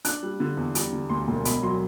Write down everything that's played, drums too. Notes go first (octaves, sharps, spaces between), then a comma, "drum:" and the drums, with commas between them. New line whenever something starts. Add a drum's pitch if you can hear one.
D4 F#6, drum: hi-hat
G3
D3
E2
G3, drum: hi-hat
D3
D2 C6
E1
B1 B5, drum: hi-hat
F#3 C6